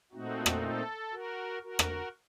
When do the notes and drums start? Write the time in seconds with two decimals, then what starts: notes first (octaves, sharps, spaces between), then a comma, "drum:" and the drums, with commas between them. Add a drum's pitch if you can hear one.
0.12 A#2 A3 C4 D#4 F#4
0.46 drum: rim click
0.62 A4
1.12 F#4 A#4
1.63 F#4 A#4
1.79 drum: rim click